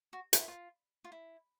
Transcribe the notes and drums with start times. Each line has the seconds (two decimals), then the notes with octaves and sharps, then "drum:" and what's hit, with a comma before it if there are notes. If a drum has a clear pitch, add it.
0.13 F#4
0.33 F4, drum: hi-hat
0.40 E4
0.48 F4
1.04 F4
1.12 E4